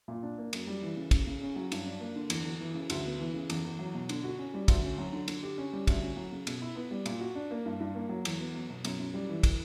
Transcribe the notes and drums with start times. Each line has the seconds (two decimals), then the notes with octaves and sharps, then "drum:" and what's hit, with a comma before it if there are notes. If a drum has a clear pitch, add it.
0.08 A#2
0.23 D4
0.38 A#3
0.53 F#2, drum: cymbal
0.67 G3
0.83 E3
0.97 C#3
1.11 C#3, drum: kick, cymbal
1.27 C#3
1.41 C#4
1.56 F#3
1.72 G2, drum: cymbal
1.86 D4
2.00 A#3
2.16 D3
2.30 E2, drum: cymbal
2.45 E2
2.61 E3
2.74 C#3
2.90 D2, drum: cymbal
3.05 B3
3.19 E3
3.34 C#3
3.50 E2, drum: cymbal
3.65 E2
3.79 F#3
3.94 B2
4.09 D3, drum: cymbal
4.24 F#4
4.39 C#4
4.54 G3
4.68 D2, drum: kick, cymbal
4.83 C#4
4.98 F#3
5.13 D3
5.28 D3, drum: cymbal
5.43 G4
5.58 C#4
5.73 G3
5.87 D2, drum: kick, cymbal
6.02 C#4
6.17 F#3
6.32 C#3
6.47 B2, drum: cymbal
6.62 E4
6.76 B3
6.91 G3
7.06 A#2, drum: cymbal
7.20 F#4
7.35 D4
7.51 A#3
7.66 G2
7.80 G2
7.95 A#3
8.09 F#3
8.25 E2, drum: cymbal
8.39 B3
8.54 F#3
8.70 B2
8.85 F#2, drum: cymbal
8.99 F#2
9.14 G3
9.29 E3
9.43 drum: kick, cymbal